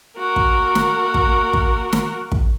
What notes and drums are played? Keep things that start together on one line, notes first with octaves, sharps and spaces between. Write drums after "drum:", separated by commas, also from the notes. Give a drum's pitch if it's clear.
A#3 F#4 A#4
drum: kick
drum: snare
drum: kick
drum: kick
drum: snare
drum: kick